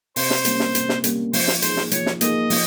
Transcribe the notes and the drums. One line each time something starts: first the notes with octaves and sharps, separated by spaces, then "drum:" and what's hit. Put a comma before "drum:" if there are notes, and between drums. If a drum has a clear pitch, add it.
C3 C5, drum: open hi-hat
drum: snare
G3 A#3 C#4, drum: hi-hat
drum: snare
C3, drum: hi-hat
drum: snare
G3 A#3 C#4, drum: hi-hat
F3 C5, drum: open hi-hat
drum: snare
A#3 D#4 G#4 C5, drum: hi-hat
drum: snare
F3 C#5, drum: hi-hat
drum: snare
A#3 D#4 G#4 D#5, drum: hi-hat
F3, drum: open hi-hat